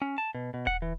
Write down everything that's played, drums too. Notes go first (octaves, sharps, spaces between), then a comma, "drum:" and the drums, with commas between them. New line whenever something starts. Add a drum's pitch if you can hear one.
C#4
A5
B2
B2
F#5, drum: kick D#1
E3